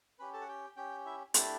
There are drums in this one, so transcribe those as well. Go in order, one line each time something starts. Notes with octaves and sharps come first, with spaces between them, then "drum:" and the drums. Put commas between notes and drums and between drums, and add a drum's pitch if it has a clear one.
C#4 G4 B4 B5
A4 A5
F#5
G4 G5
C#4 G4 G5
E4 E5
A3 D4 E4 G4 D5, drum: hi-hat